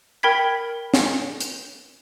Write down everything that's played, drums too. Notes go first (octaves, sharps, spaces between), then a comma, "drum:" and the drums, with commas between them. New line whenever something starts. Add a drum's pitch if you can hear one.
A#4 G5 B5 G#6 B6
drum: snare
drum: hi-hat